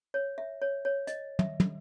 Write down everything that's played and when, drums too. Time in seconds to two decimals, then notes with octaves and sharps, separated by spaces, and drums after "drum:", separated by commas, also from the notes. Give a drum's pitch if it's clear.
0.14 C#5
0.38 E5
0.62 C#5
0.85 C#5
1.07 D#5, drum: hi-hat
1.39 E5, drum: tom
1.60 drum: tom